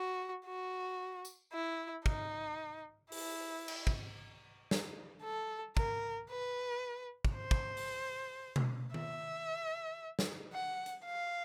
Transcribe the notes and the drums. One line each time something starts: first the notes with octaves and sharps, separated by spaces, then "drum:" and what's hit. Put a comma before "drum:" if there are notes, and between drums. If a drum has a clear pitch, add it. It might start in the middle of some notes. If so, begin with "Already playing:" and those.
Already playing: F#4
F#4
drum: tambourine
E4
D#4, drum: kick
E4, drum: open hi-hat
drum: cymbal
drum: kick
drum: snare
A4
A#4, drum: kick
B4
drum: kick
C5
drum: kick
drum: open hi-hat
drum: tom B2
E5, drum: tom D#3
drum: snare
F#5
drum: hi-hat
F5